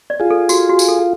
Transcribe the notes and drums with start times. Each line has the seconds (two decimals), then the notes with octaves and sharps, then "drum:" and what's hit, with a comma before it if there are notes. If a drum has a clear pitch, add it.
0.10 D5
0.20 F4 G#4
0.30 A4
0.49 F#4, drum: tambourine
0.69 F#4
0.79 drum: tambourine
0.88 A4